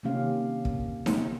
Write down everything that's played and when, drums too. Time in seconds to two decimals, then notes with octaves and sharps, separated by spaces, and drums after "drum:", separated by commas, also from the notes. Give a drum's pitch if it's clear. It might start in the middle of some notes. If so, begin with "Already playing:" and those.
0.03 C3 D#3 A#3 C#4 G4 F5
0.65 drum: kick
1.06 drum: snare D#4